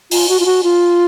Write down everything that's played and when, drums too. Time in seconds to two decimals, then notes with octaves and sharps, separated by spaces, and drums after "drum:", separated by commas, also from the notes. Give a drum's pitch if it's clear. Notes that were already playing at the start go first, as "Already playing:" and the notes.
0.11 F4, drum: open hi-hat
0.29 F#4
0.40 F4
0.46 F#4
0.63 F4